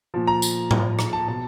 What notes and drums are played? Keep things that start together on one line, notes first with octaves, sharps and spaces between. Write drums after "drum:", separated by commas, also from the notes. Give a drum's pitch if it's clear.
A#2 F3
A#5
drum: tambourine
drum: tom A2
A#5, drum: rim click
A5
B2 A5